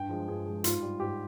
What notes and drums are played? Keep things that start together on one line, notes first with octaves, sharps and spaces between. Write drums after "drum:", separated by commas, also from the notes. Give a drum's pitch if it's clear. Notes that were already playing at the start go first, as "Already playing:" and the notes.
Already playing: G2 G5
F3 G#3
G2 G#4
F3 G#3
G#2 F4, drum: hi-hat
G3
G#2 G4